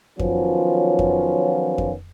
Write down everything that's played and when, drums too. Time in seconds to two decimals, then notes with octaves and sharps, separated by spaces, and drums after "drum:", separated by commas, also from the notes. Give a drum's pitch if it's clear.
0.19 D#3 F3 F#3 B3 C#4 F4, drum: kick F2
0.99 drum: kick F2
1.78 drum: kick F2